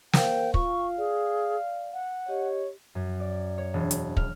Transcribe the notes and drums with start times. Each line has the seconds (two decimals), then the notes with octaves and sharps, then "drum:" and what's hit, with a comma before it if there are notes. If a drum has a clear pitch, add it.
0.13 A#4 C5 F5 G5, drum: snare
0.54 F4 F5 C#6, drum: kick
0.98 G#4 D5
1.93 F#5
2.28 G4 C#5 D#5
2.95 F#2
3.20 D5
3.58 C#5
3.74 E1
3.91 drum: hi-hat
4.17 F6, drum: kick